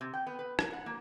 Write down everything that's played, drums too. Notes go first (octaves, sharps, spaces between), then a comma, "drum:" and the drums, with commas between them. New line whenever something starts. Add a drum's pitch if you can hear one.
C3
G5
B3
B4
A#4, drum: rim click
F#5
A#3